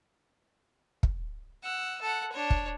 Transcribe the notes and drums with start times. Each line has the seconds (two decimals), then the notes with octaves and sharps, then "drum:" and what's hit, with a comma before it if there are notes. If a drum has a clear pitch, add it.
1.03 drum: kick
1.63 F#5 E6
2.01 A4 F#5
2.32 D4 C#5
2.50 drum: kick